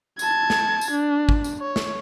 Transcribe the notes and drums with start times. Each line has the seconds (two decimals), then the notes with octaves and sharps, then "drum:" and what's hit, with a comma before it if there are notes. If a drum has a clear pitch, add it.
0.19 A5 G#6, drum: tambourine
0.50 drum: snare
0.81 drum: tambourine
0.91 D4
1.29 drum: kick
1.44 drum: tambourine
1.60 C#5
1.76 drum: snare